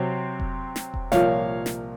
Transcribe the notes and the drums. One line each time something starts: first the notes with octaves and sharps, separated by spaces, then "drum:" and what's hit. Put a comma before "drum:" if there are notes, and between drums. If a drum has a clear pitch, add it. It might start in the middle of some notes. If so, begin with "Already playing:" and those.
Already playing: C3 F#3 C4
drum: kick E1
drum: snare
drum: kick E1
C2 A#2 F3 A#3 C#5 F5, drum: snare
drum: snare